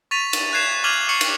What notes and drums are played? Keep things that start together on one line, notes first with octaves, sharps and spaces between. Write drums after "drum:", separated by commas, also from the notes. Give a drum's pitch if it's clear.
C#6 A6 B6 D#7 F7
drum: cymbal
F#6 G#6 C7 E7
D6 F6 G#6 D#7 F7 F#7
C#6 D6 C7 C#7 F#7
drum: cymbal